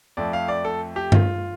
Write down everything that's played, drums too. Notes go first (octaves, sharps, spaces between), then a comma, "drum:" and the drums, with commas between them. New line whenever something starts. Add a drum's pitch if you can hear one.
F2 F3 A3 D5
F5
D5
A4
G4
F4, drum: tom G2